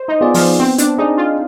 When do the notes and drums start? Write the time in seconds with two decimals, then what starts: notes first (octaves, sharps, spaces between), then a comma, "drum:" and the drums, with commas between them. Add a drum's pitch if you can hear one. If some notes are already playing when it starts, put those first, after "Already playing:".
Already playing: C5
0.08 D#4
0.21 B3 F4 G#4 D5
0.34 F3, drum: open hi-hat
0.59 B3 C4
0.78 D4, drum: hi-hat
0.98 D4 D#4 G#4 D5
1.17 F4